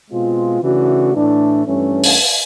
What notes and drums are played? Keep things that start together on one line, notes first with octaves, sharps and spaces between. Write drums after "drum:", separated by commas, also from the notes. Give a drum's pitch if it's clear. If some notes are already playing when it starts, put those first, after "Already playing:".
B2 G#3 C4 F4
C#3 E3 A3 D4 F#4
A2 E3 A3 D4
G2 E3 A3 C#4
drum: open hi-hat